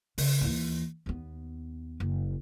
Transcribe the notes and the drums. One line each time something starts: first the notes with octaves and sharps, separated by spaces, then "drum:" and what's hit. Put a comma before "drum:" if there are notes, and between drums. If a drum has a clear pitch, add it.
C#3, drum: open hi-hat
D#2 E3
D#2 B3
F#1